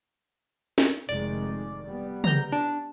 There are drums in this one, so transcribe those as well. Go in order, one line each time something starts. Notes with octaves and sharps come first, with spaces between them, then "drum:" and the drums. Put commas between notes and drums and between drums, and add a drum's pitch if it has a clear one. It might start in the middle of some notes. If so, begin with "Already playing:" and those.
drum: snare
F1 D#3 G#3 D5, drum: hi-hat
G3 B3
A#5 G6, drum: tom
D4